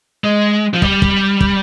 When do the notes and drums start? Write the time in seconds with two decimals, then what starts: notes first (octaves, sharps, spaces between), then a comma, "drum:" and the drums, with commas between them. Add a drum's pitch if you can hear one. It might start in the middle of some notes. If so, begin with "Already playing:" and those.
0.24 G#3
0.74 F3
0.82 G3, drum: kick
1.02 drum: kick
1.41 drum: kick